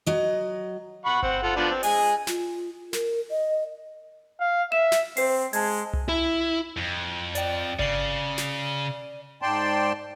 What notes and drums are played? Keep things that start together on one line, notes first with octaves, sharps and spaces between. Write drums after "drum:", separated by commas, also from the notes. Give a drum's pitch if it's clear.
F#3 D#5
F#5 B5 C#6
C4 F#5, drum: kick G1
F4 A4 F#5
F3 B3 D4
C4
G#4 D#5 G#5, drum: open hi-hat
F4, drum: snare
A#4, drum: snare
D#5
F5
E5 E7
drum: snare
C4 C5 C7, drum: open hi-hat
G#3 A5 G#6, drum: open hi-hat
drum: tom C2
E4
F2
D5 G5, drum: hi-hat
C#3 D5 C7, drum: kick G1
drum: snare
G#2 D5 G5 A5 C6